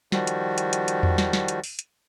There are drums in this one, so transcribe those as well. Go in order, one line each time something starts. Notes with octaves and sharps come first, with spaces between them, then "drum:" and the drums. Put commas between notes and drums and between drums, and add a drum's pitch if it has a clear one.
D#3 F3 G3 F#4, drum: snare
drum: hi-hat
drum: hi-hat
drum: hi-hat
drum: hi-hat
drum: tom E2
drum: snare
drum: snare
drum: hi-hat
drum: open hi-hat
drum: hi-hat